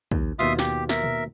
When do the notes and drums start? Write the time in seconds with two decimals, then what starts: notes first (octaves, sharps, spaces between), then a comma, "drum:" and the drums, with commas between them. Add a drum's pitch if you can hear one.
0.11 D#2, drum: kick
0.39 D#2 B2 F4 E5 C6 D#6
0.59 G4, drum: snare
0.89 A#4 E5, drum: snare
1.03 drum: tom A#2